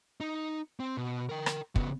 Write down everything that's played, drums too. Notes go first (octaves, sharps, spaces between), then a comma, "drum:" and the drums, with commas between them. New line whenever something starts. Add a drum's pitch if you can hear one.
D#4
C4
B2
A#4 G5
drum: rim click
C#3 B3, drum: kick